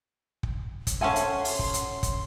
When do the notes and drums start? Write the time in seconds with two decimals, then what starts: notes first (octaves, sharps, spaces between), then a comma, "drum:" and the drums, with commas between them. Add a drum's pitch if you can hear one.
0.43 drum: kick
0.87 drum: kick, hi-hat
1.01 C#4 A4 E5 F#5 G#5 C6
1.16 drum: hi-hat
1.45 drum: open hi-hat
1.59 drum: kick
1.74 drum: hi-hat
2.03 drum: kick, hi-hat